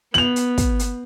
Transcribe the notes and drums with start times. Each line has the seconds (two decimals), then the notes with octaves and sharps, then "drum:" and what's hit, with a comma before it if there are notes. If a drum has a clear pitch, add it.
0.14 B3 F7 F#7, drum: snare
0.36 drum: hi-hat
0.58 drum: kick, hi-hat
0.79 drum: hi-hat